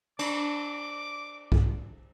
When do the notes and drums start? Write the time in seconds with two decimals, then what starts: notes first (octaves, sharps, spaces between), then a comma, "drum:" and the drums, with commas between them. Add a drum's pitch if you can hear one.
0.19 D4 D6, drum: cymbal
1.52 drum: kick B1